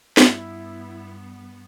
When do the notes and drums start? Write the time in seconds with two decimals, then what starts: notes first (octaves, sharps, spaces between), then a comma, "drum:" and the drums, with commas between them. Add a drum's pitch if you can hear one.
0.17 G2 B3 E4, drum: snare